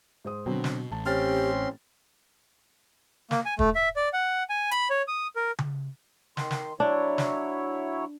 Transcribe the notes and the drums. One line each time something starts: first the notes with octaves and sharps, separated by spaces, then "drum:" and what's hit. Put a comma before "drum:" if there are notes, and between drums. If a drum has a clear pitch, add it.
G#2 C5 D#6
B2 D3 F#3 C4
drum: snare
A1 A5
C4 C#4 G4 C6 F6 A6
A#3, drum: snare
G#5
A3, drum: kick
E5
D5
F#5
G#5
B5, drum: hi-hat
C#5
D#6
A#4
drum: tom C#3
D#3 C6, drum: snare
drum: snare
F#3 D4 E4 C#5
drum: snare